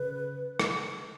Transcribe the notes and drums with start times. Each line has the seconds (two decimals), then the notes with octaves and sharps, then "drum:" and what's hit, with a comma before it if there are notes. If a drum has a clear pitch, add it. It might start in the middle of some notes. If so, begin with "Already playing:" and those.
Already playing: C#3 B4
0.59 drum: rim click